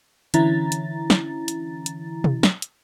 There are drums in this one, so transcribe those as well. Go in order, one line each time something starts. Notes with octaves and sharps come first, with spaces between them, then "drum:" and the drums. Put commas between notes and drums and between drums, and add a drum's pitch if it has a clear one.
D3 E3 C#4 E4 A#5 A6, drum: hi-hat
drum: hi-hat
drum: snare
drum: hi-hat
drum: hi-hat
drum: tom B2
drum: snare
drum: hi-hat